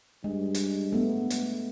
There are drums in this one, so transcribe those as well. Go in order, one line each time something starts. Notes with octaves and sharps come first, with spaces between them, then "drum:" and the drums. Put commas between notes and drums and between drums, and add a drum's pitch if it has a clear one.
G2 G#3
drum: hi-hat
A3 B3
drum: hi-hat